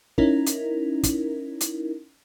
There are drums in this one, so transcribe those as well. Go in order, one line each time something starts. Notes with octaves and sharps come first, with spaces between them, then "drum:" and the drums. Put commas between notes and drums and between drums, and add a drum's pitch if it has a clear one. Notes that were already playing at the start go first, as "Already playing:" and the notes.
C#4 D#4 E4 A#4, drum: kick
drum: hi-hat
drum: kick, hi-hat
drum: hi-hat